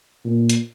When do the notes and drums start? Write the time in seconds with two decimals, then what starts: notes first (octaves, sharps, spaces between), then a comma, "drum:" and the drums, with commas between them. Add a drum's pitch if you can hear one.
0.25 A#2
0.49 drum: hi-hat